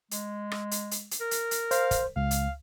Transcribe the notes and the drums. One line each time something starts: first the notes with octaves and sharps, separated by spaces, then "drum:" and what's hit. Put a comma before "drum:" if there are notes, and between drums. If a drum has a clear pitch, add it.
G#3, drum: hi-hat
drum: rim click
drum: hi-hat
drum: hi-hat
drum: hi-hat
A#4
drum: hi-hat
drum: hi-hat
C5 F5, drum: hi-hat
drum: kick, hi-hat
C#2 F5
drum: hi-hat